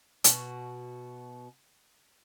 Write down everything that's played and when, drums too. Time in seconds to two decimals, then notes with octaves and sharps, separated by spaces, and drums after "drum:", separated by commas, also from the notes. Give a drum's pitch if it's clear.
0.24 B2 F#4, drum: hi-hat